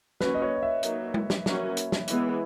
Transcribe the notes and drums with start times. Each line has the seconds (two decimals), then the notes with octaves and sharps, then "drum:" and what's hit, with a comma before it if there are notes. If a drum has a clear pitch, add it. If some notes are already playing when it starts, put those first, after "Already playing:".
0.21 F#3 A#3 C#4 F#4 B4, drum: snare
0.34 D#5
0.42 C#5
0.56 D#5
0.63 E5
0.83 F#3 A#3 D#4, drum: hi-hat
1.14 drum: tom G#3
1.30 drum: snare
1.46 F#3 A#3 C#4 F#4, drum: snare
1.77 drum: hi-hat
1.92 drum: snare
2.08 E3 G#3 B3, drum: hi-hat